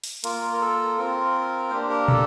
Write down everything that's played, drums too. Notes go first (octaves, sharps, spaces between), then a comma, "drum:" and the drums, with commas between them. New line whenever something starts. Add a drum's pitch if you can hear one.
drum: open hi-hat
A#3 F4 A#4, drum: hi-hat
A#4
A4
C4 F4 A#4
A#3 D4 G4 C5
A#4
A4, drum: tom